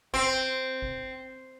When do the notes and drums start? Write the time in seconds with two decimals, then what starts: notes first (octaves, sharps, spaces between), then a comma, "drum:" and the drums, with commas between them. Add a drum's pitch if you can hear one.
0.14 C4, drum: kick G#1
0.82 drum: kick G#1